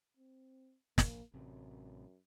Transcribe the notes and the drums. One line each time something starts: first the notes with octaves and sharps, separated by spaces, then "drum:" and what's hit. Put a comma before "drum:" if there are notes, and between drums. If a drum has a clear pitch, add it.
C4
A#1 A#3, drum: snare
A1 F#2 C3